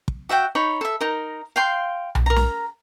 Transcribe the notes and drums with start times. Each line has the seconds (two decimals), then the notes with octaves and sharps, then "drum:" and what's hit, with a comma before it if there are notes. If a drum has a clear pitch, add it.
0.08 drum: kick
0.29 F#4 E5 F#5 G5
0.55 D#4 C#5 B5
0.81 A4 E5
1.01 D#4 A#4
1.56 F5 G5 C6
2.15 drum: tom B1
2.26 A#4 A#5
2.36 drum: snare